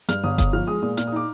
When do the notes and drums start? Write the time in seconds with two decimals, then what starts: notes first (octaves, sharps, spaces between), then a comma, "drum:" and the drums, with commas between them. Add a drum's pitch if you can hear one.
0.09 G2 F6, drum: hi-hat
0.24 G1 D#6
0.38 G1 D#6, drum: kick F#1, hi-hat
0.53 F3 F6
0.67 G#3 D#6
0.82 A#2 D#6
0.97 A#2 F6, drum: hi-hat
1.07 D#6
1.12 D#4 D6